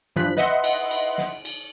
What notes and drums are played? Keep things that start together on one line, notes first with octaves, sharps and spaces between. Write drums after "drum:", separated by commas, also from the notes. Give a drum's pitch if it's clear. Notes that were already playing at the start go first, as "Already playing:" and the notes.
G2 E3 F3 F#6 B6
B4 D#5 E5 F#5 C6, drum: snare
drum: cymbal
drum: cymbal
drum: snare
drum: cymbal